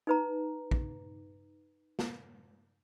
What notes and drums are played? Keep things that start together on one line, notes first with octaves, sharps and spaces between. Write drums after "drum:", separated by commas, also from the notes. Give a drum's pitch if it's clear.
D#4 B4 A#5
drum: kick
drum: snare